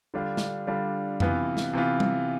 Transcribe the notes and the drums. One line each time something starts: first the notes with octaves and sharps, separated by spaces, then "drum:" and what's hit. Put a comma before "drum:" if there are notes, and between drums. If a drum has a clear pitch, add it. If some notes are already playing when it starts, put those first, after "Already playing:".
D3 G3 D4 F4
drum: snare
D3 G3 D4 F4
C3 E3 B3 F4, drum: tom F2
drum: snare
C3 E3 B3 F4
drum: tom G3